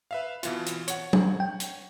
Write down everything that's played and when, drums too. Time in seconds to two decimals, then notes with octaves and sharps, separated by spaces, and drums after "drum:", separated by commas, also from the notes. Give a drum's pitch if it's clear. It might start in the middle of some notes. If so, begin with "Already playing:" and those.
0.11 B4 E5 F5
0.43 B2 E3 F4, drum: hi-hat
0.66 drum: hi-hat
0.88 C#5 F#5, drum: hi-hat
1.13 drum: tom F#3
1.40 G5
1.60 drum: hi-hat